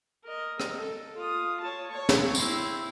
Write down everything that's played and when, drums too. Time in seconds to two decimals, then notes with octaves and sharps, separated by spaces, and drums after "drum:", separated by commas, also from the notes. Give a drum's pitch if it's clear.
0.24 A#4 D#5
0.60 drum: rim click
0.76 A4
1.16 F4 D#6
1.60 C#5 A5
1.91 C#5 C#6
2.09 drum: snare
2.35 C4 E4, drum: tambourine